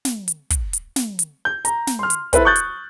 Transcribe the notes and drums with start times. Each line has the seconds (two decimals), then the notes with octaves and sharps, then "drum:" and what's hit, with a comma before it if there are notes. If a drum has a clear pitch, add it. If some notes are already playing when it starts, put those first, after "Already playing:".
0.05 drum: snare
0.28 drum: hi-hat
0.50 drum: kick, hi-hat
0.73 drum: hi-hat
0.96 drum: snare
1.19 drum: hi-hat
1.45 G6
1.65 A#5, drum: hi-hat
1.87 drum: snare
1.99 C6 F6
2.10 drum: hi-hat
2.33 E4 A4 B4 C5, drum: kick, hi-hat
2.45 C#6 D#6 F#6 G6 A6
2.56 drum: hi-hat